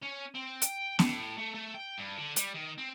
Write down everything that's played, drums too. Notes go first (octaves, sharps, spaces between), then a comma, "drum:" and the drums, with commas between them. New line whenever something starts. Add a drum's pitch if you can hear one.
C#4
C4
G5, drum: hi-hat
A2, drum: snare
A3
A3
G5
G2
D3
G3, drum: hi-hat
D#3
C4